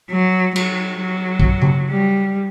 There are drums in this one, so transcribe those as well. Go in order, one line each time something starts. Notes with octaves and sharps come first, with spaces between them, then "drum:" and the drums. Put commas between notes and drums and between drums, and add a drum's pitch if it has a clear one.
F#3
F#3, drum: cymbal
F#3
drum: kick
drum: tom C#3
G3